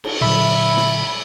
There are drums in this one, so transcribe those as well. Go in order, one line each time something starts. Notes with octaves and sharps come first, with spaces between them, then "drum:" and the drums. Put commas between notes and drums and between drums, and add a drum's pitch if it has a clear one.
drum: cymbal
A#2 D3 F#3 E5 B5
drum: snare